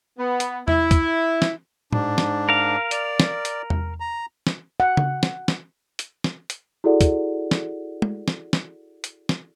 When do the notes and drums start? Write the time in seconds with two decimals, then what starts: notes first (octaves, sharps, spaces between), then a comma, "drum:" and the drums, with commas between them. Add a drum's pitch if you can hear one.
0.19 B3
0.40 drum: hi-hat
0.68 E4, drum: tom E2
0.91 drum: kick, hi-hat
1.42 drum: snare
1.93 G#2 D4, drum: tom A2
2.18 drum: snare
2.49 A#4 F5
2.91 D5, drum: hi-hat
3.20 drum: snare
3.45 drum: hi-hat
3.70 drum: tom E2
4.00 A#5
4.47 drum: snare
4.80 F#5
4.97 drum: tom C#3
5.23 drum: snare
5.48 drum: snare
5.99 drum: hi-hat
6.24 drum: snare
6.50 drum: hi-hat
6.84 E4 F#4 G#4 A4 D5 F#5
7.01 drum: kick, hi-hat
7.51 drum: snare
8.02 drum: tom
8.28 drum: snare
8.53 drum: snare
9.04 drum: hi-hat
9.29 drum: snare